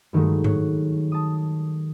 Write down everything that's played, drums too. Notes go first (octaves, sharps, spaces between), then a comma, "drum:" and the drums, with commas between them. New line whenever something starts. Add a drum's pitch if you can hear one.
G2 D#3 F#3 G#3 A3
C#5 F#6, drum: tom G#2
A5 D#6